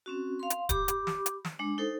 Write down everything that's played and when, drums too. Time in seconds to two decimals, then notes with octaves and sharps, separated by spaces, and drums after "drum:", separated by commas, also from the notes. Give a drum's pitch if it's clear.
0.06 C4 C#4 F#4
0.39 F5 C6
0.50 drum: hi-hat
0.69 G4 B5 D6, drum: kick D1, hi-hat
0.88 drum: hi-hat
1.07 drum: snare
1.26 drum: hi-hat
1.45 drum: snare
1.59 G#3 D4
1.78 D#4 A4 C5